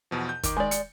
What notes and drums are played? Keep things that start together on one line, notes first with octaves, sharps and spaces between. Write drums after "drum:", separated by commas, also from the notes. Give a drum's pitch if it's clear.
E2 B2 F3
G6
D#3 D6, drum: kick, hi-hat
G#3 D5
C#7, drum: hi-hat